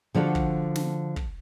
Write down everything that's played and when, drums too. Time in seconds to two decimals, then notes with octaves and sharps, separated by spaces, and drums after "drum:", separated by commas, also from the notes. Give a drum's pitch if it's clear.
0.14 D3 F3 D4 F#4 A4
0.35 drum: kick
0.76 drum: snare
1.16 drum: kick